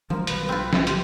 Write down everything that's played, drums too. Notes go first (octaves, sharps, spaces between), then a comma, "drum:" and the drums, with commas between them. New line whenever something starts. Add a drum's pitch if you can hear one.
D#3 F3 F#3 G#3 A#4
B1 B2 G3 B4, drum: hi-hat
C4 F4
drum: snare
F4 G4, drum: hi-hat